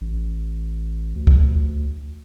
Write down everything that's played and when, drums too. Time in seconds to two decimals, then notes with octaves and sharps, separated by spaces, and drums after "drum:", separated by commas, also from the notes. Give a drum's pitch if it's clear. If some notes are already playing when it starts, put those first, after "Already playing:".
0.01 A1
1.16 D2
1.27 drum: kick C#2